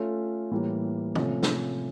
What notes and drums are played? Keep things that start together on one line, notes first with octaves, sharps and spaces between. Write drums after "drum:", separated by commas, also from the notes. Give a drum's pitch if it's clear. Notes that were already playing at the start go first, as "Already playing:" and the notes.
Already playing: A3 C#4 F4 A4
A2 E3 G3 A#3
C3 F3 A3 C#4, drum: tom
drum: snare